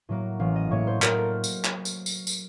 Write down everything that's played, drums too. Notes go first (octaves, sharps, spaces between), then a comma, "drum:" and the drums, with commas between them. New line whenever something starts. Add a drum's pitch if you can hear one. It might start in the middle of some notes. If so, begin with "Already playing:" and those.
A2 F#3 A#3
A1 F5
D#5
A2 F#3 A#3 C#5
C5
A2 A#4, drum: clap
A4
drum: tambourine
drum: clap
drum: tambourine
drum: tambourine
drum: tambourine